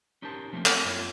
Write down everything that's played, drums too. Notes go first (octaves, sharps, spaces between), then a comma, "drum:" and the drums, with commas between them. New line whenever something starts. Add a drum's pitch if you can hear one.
C#4 D#4 G4 A#4 C5 A5
F3 A3 A#3 C4 C#4
A3 A#3 C4 G4, drum: clap
F#2 F4 A#4 C#5